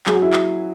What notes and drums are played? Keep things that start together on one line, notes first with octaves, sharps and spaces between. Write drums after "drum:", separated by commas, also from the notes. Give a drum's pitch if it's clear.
F#3 G#4, drum: clap
F#4
E4
drum: clap